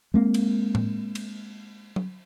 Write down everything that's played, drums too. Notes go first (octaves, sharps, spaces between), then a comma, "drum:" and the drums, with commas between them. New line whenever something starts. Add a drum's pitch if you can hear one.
G#3 A#3 C4
drum: cymbal
drum: tom A2
drum: cymbal
drum: tom F#3